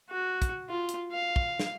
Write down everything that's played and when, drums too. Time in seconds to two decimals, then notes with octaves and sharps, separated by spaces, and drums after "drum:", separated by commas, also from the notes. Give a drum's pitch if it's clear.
0.10 F#4
0.42 drum: kick, hi-hat
0.69 F4
0.89 drum: hi-hat
1.12 F5
1.36 drum: kick
1.59 drum: snare